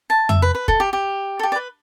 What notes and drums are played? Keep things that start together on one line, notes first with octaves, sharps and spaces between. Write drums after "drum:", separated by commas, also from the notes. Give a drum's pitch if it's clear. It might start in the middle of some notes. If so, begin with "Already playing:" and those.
A5
E5, drum: tom F2
B4
B4
A4, drum: kick
G4
G4
A4
G4
D5
B4